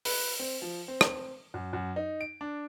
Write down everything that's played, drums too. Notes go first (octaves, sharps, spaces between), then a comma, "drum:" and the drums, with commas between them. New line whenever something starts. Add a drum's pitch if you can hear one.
B4, drum: open hi-hat
C4
F3
C4
drum: rim click
F#2
F#2
D#4
D7
D4